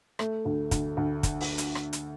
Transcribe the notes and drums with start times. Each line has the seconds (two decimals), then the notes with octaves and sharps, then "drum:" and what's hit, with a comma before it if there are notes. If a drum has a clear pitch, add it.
0.19 A3, drum: rim click
0.45 D2
0.71 D2, drum: kick, hi-hat
0.97 D2
1.23 drum: kick, hi-hat
1.41 drum: open hi-hat
1.58 drum: hi-hat
1.75 drum: rim click
1.93 drum: hi-hat